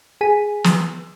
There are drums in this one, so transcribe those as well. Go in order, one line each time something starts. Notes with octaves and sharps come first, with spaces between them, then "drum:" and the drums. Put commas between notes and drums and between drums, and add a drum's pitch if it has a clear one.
G#4 G#5 B6 D#7
drum: snare